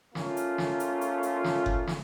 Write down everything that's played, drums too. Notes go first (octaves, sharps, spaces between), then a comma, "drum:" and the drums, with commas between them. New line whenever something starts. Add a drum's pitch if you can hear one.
A3 A#3 C#4 F4, drum: snare
drum: hi-hat
drum: snare
drum: hi-hat
drum: hi-hat
drum: hi-hat
drum: snare
drum: kick F#1
drum: snare